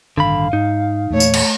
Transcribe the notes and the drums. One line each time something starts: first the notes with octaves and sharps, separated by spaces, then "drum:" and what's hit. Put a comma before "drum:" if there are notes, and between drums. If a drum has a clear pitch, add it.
A1 G2 D3 D#3 F5 B5
G#2 D#4
E2 A#2 A3 C#5
drum: tambourine
drum: cymbal